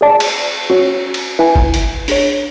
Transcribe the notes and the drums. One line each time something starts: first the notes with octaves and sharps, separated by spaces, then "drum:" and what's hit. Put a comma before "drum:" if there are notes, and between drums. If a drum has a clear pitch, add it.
G#4 D5 A5
drum: cymbal
C#4 F#4 C#5
drum: cymbal
E4 B4 E5 G#5
drum: kick
drum: hi-hat
D4 G#4 C#5, drum: open hi-hat